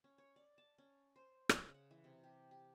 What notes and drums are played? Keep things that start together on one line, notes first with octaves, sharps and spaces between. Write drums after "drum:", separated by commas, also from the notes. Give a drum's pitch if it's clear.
C#4
C#5
D5
A5
C#4
C5
drum: rim click
C#3
F#5
E3
C3
G4
G4